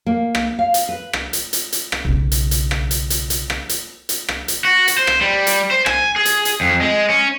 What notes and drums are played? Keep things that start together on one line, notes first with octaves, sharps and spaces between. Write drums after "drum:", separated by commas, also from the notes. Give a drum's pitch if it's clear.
A#3
drum: rim click
F5
drum: hi-hat
B4
drum: rim click
drum: hi-hat
drum: hi-hat
drum: hi-hat
drum: rim click
B1 C#3
drum: hi-hat
drum: hi-hat
drum: rim click
drum: hi-hat
drum: hi-hat
drum: hi-hat
drum: rim click
drum: hi-hat
drum: hi-hat
drum: rim click
drum: hi-hat
F#4
drum: hi-hat
C5
drum: rim click
G3
drum: hi-hat
C5
G#5, drum: rim click
G#4
drum: hi-hat
drum: hi-hat
F2
G#3
C#4